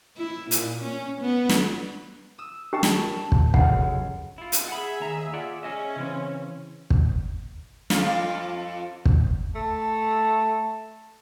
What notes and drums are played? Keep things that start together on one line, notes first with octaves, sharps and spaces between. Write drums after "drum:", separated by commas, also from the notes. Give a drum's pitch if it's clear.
E4
A#2, drum: hi-hat
C#4
B3
drum: snare
D#6 E6
G4 A#4 G5 A5
drum: snare
A5
drum: kick
F1 C#2 F#2 F#5, drum: kick
E4 F4
drum: hi-hat
G#4 E5 F#5 B5
D#2 A#5
F4 D5 F#5
C#4 G#4 D#5 E5
C#3 E3 C4
drum: kick
F2 F4, drum: snare
drum: kick
A3 A5